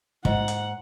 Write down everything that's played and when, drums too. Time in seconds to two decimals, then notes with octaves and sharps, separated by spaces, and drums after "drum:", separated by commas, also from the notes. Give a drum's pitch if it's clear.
0.25 G#2 F#5, drum: kick
0.48 drum: hi-hat